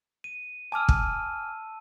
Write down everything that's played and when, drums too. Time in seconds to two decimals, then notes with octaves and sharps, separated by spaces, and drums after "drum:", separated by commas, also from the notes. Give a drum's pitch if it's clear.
0.24 D#7
0.72 G#5 A5 D6 E6 F6
0.89 drum: kick